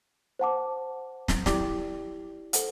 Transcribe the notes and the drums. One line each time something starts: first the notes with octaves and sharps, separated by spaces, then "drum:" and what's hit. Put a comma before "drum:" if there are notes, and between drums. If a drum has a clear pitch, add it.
C5 F#5 A5 D6
drum: snare
E4 G4 D5 G5 D6, drum: snare
A4 C5 F#5, drum: hi-hat